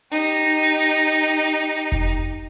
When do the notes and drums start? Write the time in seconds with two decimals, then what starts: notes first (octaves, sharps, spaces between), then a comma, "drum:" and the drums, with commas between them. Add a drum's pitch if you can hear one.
0.12 D#4 G4
1.92 drum: kick F1